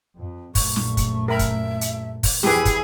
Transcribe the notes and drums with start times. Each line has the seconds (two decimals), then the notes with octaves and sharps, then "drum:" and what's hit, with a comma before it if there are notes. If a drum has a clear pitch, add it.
0.15 F2
0.55 A#1 F#2 A3 C#6, drum: kick, open hi-hat
0.76 drum: snare
0.97 drum: kick, hi-hat
1.28 A#4 E5 B5
1.39 drum: kick, hi-hat
1.81 drum: hi-hat
2.23 drum: kick, open hi-hat
2.43 E2 F3 E4 G4 G#4 B4, drum: snare
2.65 drum: kick, hi-hat